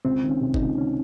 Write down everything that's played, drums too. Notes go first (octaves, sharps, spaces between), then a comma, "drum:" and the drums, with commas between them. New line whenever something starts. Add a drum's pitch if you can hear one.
C#2 C4
D#3
C#4
C3
D#4, drum: kick F#1
C#2
D#3 C#4